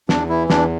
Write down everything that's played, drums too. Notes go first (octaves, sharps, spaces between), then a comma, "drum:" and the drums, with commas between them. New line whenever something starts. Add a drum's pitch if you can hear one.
E2 D4, drum: snare
E3 E4
E2 D4, drum: snare